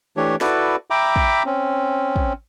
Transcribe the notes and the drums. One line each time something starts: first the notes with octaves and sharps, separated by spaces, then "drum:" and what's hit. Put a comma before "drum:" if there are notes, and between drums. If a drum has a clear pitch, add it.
E3 A3 D4 G4 C#5
E4 F#4 A4 B4 D5, drum: snare
E5 G5 A#5 B5 D6
drum: kick
C4 C#4
drum: kick